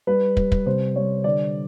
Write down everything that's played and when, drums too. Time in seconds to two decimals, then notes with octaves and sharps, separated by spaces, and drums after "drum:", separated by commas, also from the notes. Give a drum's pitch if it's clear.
0.07 G3 B4
0.37 G3, drum: kick
0.52 drum: kick
0.66 C3 C5
0.96 G3 C#5
1.24 D3 D5